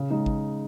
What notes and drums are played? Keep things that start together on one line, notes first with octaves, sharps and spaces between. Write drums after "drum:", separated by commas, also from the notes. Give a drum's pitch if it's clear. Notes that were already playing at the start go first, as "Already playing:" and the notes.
Already playing: C#3
G#3 D#4
drum: kick G#1